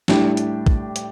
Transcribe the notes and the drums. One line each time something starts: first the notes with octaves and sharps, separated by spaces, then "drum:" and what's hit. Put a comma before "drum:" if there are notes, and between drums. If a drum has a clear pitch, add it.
A2 G3 D4 G4, drum: snare
drum: hi-hat
drum: kick A#1
drum: hi-hat